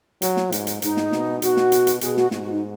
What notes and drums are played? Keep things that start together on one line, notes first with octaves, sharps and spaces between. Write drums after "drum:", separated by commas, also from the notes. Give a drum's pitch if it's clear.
F#3, drum: hi-hat
drum: snare
G#2, drum: hi-hat
drum: hi-hat
G#2 D#4, drum: hi-hat
drum: snare
B2, drum: snare
B2 F#4, drum: hi-hat
drum: snare
drum: hi-hat
drum: hi-hat
B2 G#4, drum: hi-hat
F#4, drum: snare
G#2 F#4, drum: snare
F#4
D#4